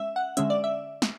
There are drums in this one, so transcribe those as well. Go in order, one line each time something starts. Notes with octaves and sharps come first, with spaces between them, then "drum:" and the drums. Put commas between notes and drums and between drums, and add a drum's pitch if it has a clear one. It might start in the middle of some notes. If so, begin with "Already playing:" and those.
Already playing: G#3 C#4 E5
F#5
D3 G#3 C#4 E5, drum: hi-hat
D5
E5
drum: snare